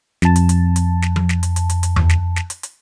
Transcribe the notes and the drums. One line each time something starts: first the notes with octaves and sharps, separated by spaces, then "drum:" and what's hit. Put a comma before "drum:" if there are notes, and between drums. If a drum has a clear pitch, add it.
F2 A5, drum: snare
drum: hi-hat
drum: hi-hat
drum: hi-hat
drum: snare
drum: tom F3
drum: snare
drum: hi-hat
drum: hi-hat
drum: hi-hat
drum: hi-hat
drum: tom E2
drum: snare
drum: snare
drum: hi-hat
drum: hi-hat